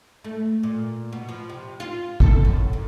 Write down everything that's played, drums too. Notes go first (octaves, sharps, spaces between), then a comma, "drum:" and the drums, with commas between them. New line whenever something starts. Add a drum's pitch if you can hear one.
A3
A#2
B2
F3
C3
F4
A4, drum: kick G#1
F#2
F#2